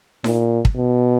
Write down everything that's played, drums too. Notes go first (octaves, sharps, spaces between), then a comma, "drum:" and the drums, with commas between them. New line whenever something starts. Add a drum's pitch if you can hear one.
A#2, drum: snare D#4
drum: kick
B2